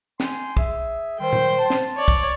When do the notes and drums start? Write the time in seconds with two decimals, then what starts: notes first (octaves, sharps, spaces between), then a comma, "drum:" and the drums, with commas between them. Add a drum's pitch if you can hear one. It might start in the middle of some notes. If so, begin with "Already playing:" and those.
0.20 G5 G#5 C6, drum: snare
0.57 G#4 E5, drum: kick
1.20 D#3 G3 C5 G5
1.33 drum: tom A#2
1.59 A5
1.70 drum: snare
1.96 C#5 D5
2.08 drum: kick